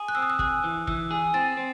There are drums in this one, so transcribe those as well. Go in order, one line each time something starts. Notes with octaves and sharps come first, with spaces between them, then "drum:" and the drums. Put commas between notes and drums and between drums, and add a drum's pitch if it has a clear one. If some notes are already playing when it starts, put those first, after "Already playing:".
Already playing: G#4 D#6
F#6
C4 E6
D#6
E6
G#4 F#6, drum: kick
E3
E3 E6, drum: kick
G#4
C4 A6
C4